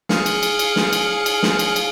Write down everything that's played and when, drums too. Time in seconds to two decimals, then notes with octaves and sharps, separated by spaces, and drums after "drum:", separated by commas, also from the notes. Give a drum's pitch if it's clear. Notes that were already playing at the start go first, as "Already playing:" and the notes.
0.09 G#4 F5 C#7, drum: snare
0.26 drum: cymbal
0.43 drum: cymbal
0.59 drum: cymbal
0.76 drum: snare
0.93 drum: cymbal
1.26 drum: cymbal
1.43 drum: snare
1.59 drum: cymbal
1.76 drum: cymbal